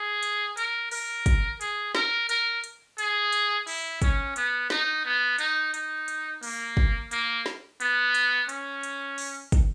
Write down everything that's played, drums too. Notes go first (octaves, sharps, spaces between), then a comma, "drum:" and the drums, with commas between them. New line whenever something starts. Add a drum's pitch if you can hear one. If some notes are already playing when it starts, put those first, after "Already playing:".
Already playing: G#4
drum: hi-hat
A#4, drum: hi-hat
A#4, drum: open hi-hat
drum: kick, hi-hat
G#4, drum: hi-hat
A#4, drum: snare
A#4, drum: hi-hat
drum: hi-hat
G#4, drum: hi-hat
drum: hi-hat
E4, drum: open hi-hat
C#4, drum: kick, hi-hat
B3, drum: hi-hat
D#4, drum: snare
B3
D#4, drum: hi-hat
D#4, drum: hi-hat
drum: hi-hat
A#3, drum: open hi-hat
drum: kick
A#3, drum: hi-hat
drum: snare
B3, drum: hi-hat
drum: hi-hat
C#4, drum: hi-hat
drum: hi-hat
drum: open hi-hat
drum: kick, hi-hat